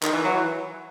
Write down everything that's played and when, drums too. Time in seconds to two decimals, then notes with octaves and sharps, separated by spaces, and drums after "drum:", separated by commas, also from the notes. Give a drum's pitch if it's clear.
0.03 D#3, drum: clap
0.13 E3
0.24 F#3
0.35 E3